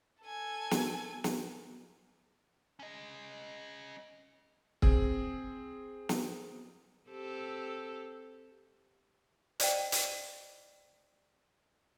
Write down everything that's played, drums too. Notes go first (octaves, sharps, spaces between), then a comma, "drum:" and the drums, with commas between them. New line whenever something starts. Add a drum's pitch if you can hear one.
A4 G#5
drum: snare
drum: snare
C#4 D#5
C4 G#4, drum: kick C#1
drum: snare
C4 G4 A4
C5 D5 D#5 F5 G5, drum: hi-hat
drum: hi-hat